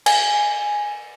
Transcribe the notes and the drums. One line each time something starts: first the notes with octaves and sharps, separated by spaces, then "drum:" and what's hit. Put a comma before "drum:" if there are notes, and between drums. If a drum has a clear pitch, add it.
G#5, drum: cymbal